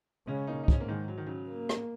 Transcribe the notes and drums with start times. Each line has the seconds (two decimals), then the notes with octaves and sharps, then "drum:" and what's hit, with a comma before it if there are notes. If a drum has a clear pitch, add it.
0.27 C#3 G#3 C#4
0.47 A#3 D#4
0.63 D#4
0.68 G#2 C#4, drum: kick
0.80 A#3
0.88 D#3 G#3
1.08 F#3
1.18 D#3
1.26 C#3 F#3
1.49 A#3
1.69 drum: rim click